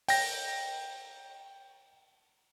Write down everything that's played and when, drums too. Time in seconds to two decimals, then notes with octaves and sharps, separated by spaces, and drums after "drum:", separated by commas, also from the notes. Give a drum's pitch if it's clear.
0.08 G5 A#6, drum: open hi-hat